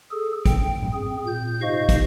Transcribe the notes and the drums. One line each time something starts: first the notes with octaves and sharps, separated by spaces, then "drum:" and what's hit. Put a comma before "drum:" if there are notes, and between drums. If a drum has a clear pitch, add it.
G#4 A4
G5, drum: kick, hi-hat
drum: tom G#2
C4 G#4
A#2 G6
G#2 C3 C5 D#5 F5 C#6
drum: kick, hi-hat